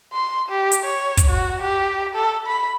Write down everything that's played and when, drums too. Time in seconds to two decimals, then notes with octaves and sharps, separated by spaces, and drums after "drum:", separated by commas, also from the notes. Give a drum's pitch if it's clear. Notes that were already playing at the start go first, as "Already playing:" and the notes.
0.13 C6
0.49 G4
0.72 drum: hi-hat
0.85 C#5
1.17 drum: kick, hi-hat
1.31 F#4
1.62 G4
2.15 A4
2.47 B5